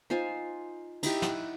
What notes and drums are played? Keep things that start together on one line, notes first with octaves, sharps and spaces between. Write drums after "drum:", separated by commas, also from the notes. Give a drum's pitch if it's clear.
D#4 F4 C5 G#5
D#4 E4 G4, drum: cymbal
F#5, drum: snare